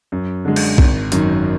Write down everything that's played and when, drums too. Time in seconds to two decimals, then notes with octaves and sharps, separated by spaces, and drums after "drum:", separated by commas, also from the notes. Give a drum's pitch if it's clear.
0.12 F#2
0.45 D3 G#3
0.56 drum: cymbal
0.78 G#1, drum: kick
1.12 F#2 D#3, drum: hi-hat